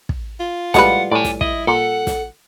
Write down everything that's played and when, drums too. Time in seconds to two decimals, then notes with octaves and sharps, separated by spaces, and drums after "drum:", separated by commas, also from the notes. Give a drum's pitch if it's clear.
0.09 drum: kick
0.40 F4
0.74 A2 F3 G3 G#3 B4 F#5, drum: snare
1.11 A2 D5 G#5
1.24 drum: snare
1.41 E4 D#5, drum: kick
1.67 A#2 A4 F#5
2.07 drum: snare